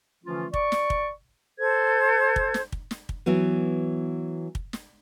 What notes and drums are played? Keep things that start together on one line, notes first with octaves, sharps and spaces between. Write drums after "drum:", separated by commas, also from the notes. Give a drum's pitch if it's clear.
D3 E3 F3 A3 C#4 F4
D5 C#6, drum: kick
drum: snare
drum: kick
A4 C5 G#6
drum: kick
drum: snare
drum: kick
drum: snare
drum: kick
E3 F#3 B3
drum: kick
drum: snare